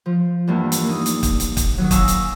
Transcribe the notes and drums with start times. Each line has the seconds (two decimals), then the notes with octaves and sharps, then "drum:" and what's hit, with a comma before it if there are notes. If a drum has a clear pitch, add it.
0.06 F3
0.47 E2 G2 A#3
0.72 drum: hi-hat
0.84 A#3 D#4
1.06 drum: hi-hat
1.23 drum: kick, hi-hat
1.40 drum: hi-hat
1.57 drum: kick, hi-hat
1.78 D#3 F#3
1.91 F5 G#5 A#5 C#6 D#6 E6, drum: kick, hi-hat
2.08 drum: hi-hat